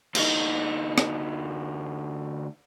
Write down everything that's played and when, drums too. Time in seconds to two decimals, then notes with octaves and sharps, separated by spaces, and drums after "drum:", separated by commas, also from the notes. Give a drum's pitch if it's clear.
0.15 D2 D#4, drum: cymbal
0.98 drum: rim click